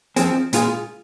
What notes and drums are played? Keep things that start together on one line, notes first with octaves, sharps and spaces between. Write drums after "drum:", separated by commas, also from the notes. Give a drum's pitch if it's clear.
F2 F3 C4 G#4, drum: hi-hat
A#2 G#3 F4 G#4, drum: hi-hat